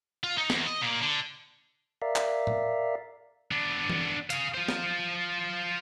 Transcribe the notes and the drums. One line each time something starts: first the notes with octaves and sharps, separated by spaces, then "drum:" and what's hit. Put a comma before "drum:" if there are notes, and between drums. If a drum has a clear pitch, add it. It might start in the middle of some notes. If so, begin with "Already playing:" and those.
F4
D#4
E2, drum: snare
D#5
A#2 A#3
D3
A#4 D5 E5 F5
drum: clap
drum: tom A2
B3 D4
drum: tom E3
G#4 F5, drum: hi-hat
F4 C5
drum: snare